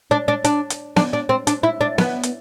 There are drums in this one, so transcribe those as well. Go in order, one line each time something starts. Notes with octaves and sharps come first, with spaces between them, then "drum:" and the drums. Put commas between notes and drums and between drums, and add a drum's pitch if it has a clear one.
D4
D4
D4, drum: hi-hat
drum: hi-hat
D4, drum: snare B3
D4
C4
D4, drum: hi-hat
E4
D4
B3, drum: snare B3
drum: hi-hat